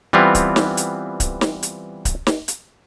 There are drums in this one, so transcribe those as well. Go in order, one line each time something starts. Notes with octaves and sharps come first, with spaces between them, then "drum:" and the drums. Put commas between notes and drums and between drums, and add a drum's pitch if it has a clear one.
E3 G3 B3 C4 F4
drum: kick C#1, hi-hat
drum: snare
drum: hi-hat
drum: kick C#1, hi-hat
drum: snare
drum: hi-hat
drum: kick C#1, hi-hat
drum: snare
drum: hi-hat